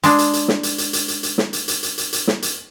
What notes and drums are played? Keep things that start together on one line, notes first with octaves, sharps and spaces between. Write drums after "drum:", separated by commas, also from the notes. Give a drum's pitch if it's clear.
G#3 D4, drum: hi-hat
drum: hi-hat
drum: hi-hat
drum: snare
drum: hi-hat
drum: hi-hat
drum: hi-hat
drum: hi-hat
drum: hi-hat
drum: snare
drum: hi-hat
drum: hi-hat
drum: hi-hat
drum: hi-hat
drum: hi-hat
drum: snare
drum: hi-hat